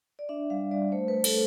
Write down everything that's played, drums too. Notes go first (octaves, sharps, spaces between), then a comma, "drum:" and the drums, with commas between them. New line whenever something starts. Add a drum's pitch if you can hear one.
D5
D4 E5
G3 F5
G3 D5
A3 C5
B4
A3
A4, drum: cymbal